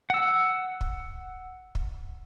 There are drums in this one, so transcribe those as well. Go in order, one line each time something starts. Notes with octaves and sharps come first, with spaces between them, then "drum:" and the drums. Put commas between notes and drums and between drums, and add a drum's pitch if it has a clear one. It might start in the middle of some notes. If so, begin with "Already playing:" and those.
F#5 E6
drum: kick
drum: kick